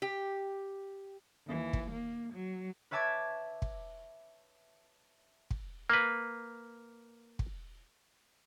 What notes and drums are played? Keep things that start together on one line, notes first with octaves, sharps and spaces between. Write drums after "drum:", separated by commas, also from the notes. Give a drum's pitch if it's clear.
G4
D#2 E3
drum: kick
A#3
F#3
B4 C#5 E5 A5 D6 G#6
drum: kick
drum: kick
A#3 B4
drum: kick